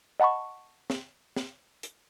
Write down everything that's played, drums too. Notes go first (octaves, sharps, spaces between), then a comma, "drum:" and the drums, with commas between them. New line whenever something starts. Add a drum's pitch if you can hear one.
D#5 F#5 A5 B5 C#6
drum: snare
drum: snare
drum: hi-hat